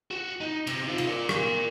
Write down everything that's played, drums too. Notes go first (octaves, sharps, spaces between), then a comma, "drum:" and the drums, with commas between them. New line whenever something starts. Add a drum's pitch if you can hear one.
F#4
D#4
C3, drum: cymbal
D#4 F4
drum: cymbal
A#4 D5
drum: rim click